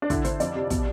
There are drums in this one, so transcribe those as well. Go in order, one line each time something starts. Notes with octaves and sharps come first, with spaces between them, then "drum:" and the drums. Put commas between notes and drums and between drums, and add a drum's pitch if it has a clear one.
D4
D3 E4, drum: kick, hi-hat
D3 C5, drum: hi-hat
F2 D5, drum: hi-hat
C3
B2, drum: kick, hi-hat